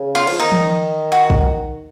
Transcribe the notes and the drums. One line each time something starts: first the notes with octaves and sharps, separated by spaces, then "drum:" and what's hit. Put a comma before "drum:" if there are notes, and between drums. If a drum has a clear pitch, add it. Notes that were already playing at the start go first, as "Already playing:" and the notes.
Already playing: C#3
F4
F3, drum: cymbal
D#3 D#4
drum: tom E3
F#4
drum: kick